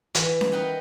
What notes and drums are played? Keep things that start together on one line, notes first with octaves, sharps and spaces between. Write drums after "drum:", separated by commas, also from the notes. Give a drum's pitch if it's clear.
E3, drum: hi-hat
drum: snare C#4
D#4 A#4 B4 F#5 G5